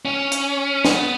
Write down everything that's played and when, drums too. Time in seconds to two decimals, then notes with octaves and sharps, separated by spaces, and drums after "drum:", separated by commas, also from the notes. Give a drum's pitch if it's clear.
0.05 C#4
0.32 drum: hi-hat
0.85 B3, drum: snare